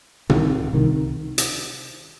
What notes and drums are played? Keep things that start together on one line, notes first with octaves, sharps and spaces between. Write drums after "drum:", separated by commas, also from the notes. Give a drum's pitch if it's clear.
C2 C3 D#3, drum: tom
C2 C3 D#3
drum: hi-hat